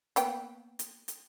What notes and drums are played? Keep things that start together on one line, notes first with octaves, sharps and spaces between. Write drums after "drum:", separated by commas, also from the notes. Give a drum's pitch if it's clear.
A#3 B3 G5, drum: hi-hat
drum: hi-hat
drum: hi-hat